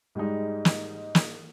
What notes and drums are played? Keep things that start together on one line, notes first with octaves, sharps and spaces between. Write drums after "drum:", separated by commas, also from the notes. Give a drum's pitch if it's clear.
G#2 G3 G#3 D#4
drum: snare
drum: snare